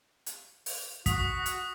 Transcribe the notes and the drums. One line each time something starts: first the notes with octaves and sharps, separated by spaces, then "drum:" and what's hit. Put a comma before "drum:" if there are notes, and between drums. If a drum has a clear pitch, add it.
drum: hi-hat
drum: open hi-hat
F#4 D#6 B6, drum: kick, hi-hat
drum: hi-hat